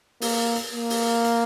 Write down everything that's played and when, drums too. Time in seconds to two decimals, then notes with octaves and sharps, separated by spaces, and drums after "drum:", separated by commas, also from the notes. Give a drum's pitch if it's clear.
0.21 A#3, drum: open hi-hat
0.55 drum: hi-hat
0.73 A#3
0.90 drum: open hi-hat
1.24 drum: hi-hat